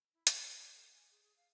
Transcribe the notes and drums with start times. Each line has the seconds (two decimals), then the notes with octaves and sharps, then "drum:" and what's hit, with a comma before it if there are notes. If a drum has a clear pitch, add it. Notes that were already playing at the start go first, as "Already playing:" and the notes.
0.13 E4
0.27 D#5, drum: hi-hat
0.42 G#4
0.63 D6
0.76 A4
0.93 G#5
1.11 G#4
1.22 G#4
1.36 F5